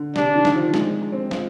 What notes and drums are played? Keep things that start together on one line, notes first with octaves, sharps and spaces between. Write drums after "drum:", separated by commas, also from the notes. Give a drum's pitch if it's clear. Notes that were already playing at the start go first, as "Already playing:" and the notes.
Already playing: D3
C3 D4, drum: snare
D#3
drum: snare
F3
G#3, drum: snare
D4
C4
F4, drum: snare